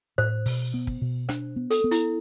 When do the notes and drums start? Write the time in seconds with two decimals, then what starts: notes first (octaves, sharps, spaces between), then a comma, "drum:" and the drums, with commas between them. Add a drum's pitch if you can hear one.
0.18 A2 C5
0.46 B2, drum: open hi-hat
0.74 B3
0.87 drum: kick
1.01 B2
1.29 D4 C5, drum: rim click
1.56 B3
1.70 A4, drum: hi-hat
1.84 B3
1.91 E4, drum: hi-hat